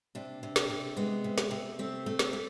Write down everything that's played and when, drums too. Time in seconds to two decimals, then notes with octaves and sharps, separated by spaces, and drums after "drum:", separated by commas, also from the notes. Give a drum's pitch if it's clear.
0.15 C3 D4
0.43 C3
0.56 drum: snare
0.70 C3
0.97 G#3 B3
1.24 C3
1.38 drum: snare
1.51 C3
1.79 A3 C4
2.06 A3
2.19 drum: snare
2.33 A3